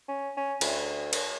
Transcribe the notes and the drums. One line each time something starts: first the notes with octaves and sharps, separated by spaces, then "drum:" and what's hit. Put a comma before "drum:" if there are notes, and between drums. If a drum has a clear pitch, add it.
C#4
C#4
D2, drum: cymbal
drum: cymbal